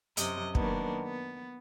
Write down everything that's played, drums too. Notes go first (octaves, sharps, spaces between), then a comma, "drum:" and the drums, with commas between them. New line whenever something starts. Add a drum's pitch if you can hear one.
F#2 C3 D#5, drum: hi-hat
D#3 F#3 A#3 B3 D4, drum: kick
B3